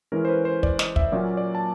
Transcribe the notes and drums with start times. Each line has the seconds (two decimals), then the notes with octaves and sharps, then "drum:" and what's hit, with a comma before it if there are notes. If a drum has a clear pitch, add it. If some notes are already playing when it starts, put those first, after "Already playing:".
0.12 E3 G#3 C#4 A#4
0.25 C5
0.29 B4
0.45 C5
0.63 D5, drum: kick
0.79 D#5, drum: snare
0.96 E5, drum: kick
1.12 A#2 F#3 A#3 C#4 F4 D5
1.37 D5
1.55 A5